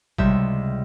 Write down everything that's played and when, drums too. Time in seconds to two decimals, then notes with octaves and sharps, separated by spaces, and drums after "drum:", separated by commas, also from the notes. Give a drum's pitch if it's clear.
0.18 C#2 C3 G3 E5 G6, drum: kick A1